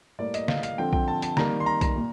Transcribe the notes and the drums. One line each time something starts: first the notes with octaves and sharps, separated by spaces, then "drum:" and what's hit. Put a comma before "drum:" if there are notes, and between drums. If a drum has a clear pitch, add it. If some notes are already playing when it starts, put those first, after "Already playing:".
A2 G3 A#3 D5
D#5, drum: hi-hat
F5, drum: snare
F5, drum: hi-hat
D3 F3 C4 G5
G5, drum: kick B1
A5
A5, drum: hi-hat
D#3 G3 A#3 A#5, drum: snare
C6
A#5
A#5, drum: kick B1, hi-hat
A#2